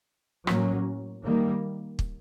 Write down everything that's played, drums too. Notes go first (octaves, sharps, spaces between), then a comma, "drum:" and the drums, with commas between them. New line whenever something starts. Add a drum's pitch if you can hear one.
A2 F#3 A#3 C#4, drum: rim click
D#3 G3 A#3
drum: kick